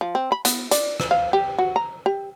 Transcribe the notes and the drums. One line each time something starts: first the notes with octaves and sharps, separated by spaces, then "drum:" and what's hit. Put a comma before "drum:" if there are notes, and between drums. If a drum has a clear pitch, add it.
F3
C4
B5
B3, drum: hi-hat
D5, drum: hi-hat
drum: rim click
F5
G4
F#4
A#5
G4